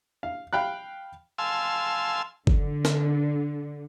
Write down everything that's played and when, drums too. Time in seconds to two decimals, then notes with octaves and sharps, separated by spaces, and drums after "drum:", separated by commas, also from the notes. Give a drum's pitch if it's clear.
0.23 F5
0.53 F5 G5 B5 F#6
1.38 F5 G#5 A5 C6 E6
2.47 D3, drum: kick G1
2.85 drum: snare